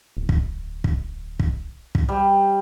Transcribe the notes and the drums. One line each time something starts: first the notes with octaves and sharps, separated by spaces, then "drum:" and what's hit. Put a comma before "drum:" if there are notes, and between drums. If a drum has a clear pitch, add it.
D1
drum: kick
drum: kick
drum: kick
drum: kick
G3